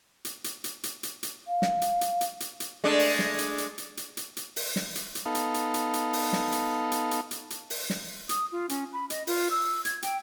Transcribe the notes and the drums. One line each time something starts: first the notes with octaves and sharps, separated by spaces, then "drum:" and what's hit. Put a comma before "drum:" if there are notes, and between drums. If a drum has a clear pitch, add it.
drum: hi-hat
drum: hi-hat
drum: hi-hat
drum: hi-hat
drum: hi-hat
drum: hi-hat
F5
drum: snare
drum: hi-hat
drum: hi-hat
drum: hi-hat
drum: hi-hat
drum: hi-hat
G#3 A3 D4
drum: open hi-hat
drum: snare
drum: hi-hat
drum: hi-hat
drum: hi-hat
drum: hi-hat
drum: hi-hat
drum: hi-hat
drum: open hi-hat
drum: snare
drum: hi-hat
drum: hi-hat
B3 D#4 A4 F5
drum: hi-hat
drum: hi-hat
drum: hi-hat
drum: hi-hat
drum: open hi-hat
drum: snare
drum: hi-hat
drum: hi-hat
drum: hi-hat
drum: hi-hat
drum: hi-hat
drum: open hi-hat
drum: snare
D#6, drum: hi-hat
F4
C#4, drum: hi-hat
B5
D#5, drum: hi-hat
F4, drum: open hi-hat
E6
G#6, drum: hi-hat
G5, drum: hi-hat